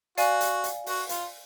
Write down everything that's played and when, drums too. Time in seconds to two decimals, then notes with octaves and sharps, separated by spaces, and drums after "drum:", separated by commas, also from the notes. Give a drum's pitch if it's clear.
0.17 F#4 D5 F5 G#5, drum: hi-hat
0.41 drum: hi-hat
0.64 drum: hi-hat
0.86 F#4, drum: open hi-hat
1.09 F4, drum: hi-hat